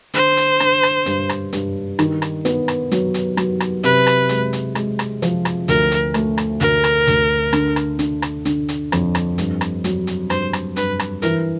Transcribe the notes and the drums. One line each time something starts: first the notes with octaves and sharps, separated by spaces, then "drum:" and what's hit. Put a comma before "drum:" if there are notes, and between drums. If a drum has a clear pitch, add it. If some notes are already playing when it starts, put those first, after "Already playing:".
D3 C5, drum: hi-hat
drum: hi-hat
D3, drum: rim click
drum: rim click
G2, drum: hi-hat
drum: rim click
G2, drum: hi-hat
D#3, drum: rim click
drum: rim click
B3, drum: hi-hat
drum: rim click
F#3, drum: hi-hat
drum: hi-hat
F#3, drum: rim click
drum: rim click
C3 B4, drum: hi-hat
drum: rim click
G#3, drum: hi-hat
drum: hi-hat
G#3, drum: rim click
drum: rim click
F3, drum: hi-hat
drum: rim click
D2 A#4, drum: hi-hat
drum: hi-hat
A3, drum: rim click
drum: rim click
D2 A#4, drum: hi-hat
drum: rim click
D2, drum: hi-hat
D3, drum: rim click
drum: rim click
D3, drum: hi-hat
drum: rim click
D3, drum: hi-hat
drum: hi-hat
F2, drum: rim click
drum: rim click
G2, drum: hi-hat
drum: rim click
F#3, drum: hi-hat
drum: hi-hat
G2 C5, drum: rim click
drum: rim click
G2 B4, drum: hi-hat
drum: rim click
E3 A#4, drum: hi-hat